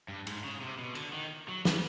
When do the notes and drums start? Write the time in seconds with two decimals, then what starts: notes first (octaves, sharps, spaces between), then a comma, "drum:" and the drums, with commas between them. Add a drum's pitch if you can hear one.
0.08 G2
0.27 G#2, drum: cymbal
0.44 C#3
0.62 C3
0.79 B2
0.95 D3, drum: cymbal
1.13 D#3
1.48 F#3
1.65 G3, drum: snare